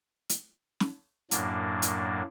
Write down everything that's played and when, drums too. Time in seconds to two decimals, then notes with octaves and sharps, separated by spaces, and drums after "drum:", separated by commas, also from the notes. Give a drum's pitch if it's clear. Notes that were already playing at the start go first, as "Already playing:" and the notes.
0.29 drum: hi-hat
0.80 drum: snare
1.31 F#2 A2 F#3 A#3 D4, drum: hi-hat
1.82 drum: hi-hat